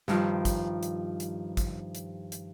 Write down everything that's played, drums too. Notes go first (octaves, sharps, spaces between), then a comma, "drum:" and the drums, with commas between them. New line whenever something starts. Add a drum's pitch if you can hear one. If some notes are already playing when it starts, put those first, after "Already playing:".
G2 D#3 F3, drum: snare
drum: kick, hi-hat
drum: hi-hat
drum: hi-hat
drum: kick, hi-hat
drum: hi-hat
drum: hi-hat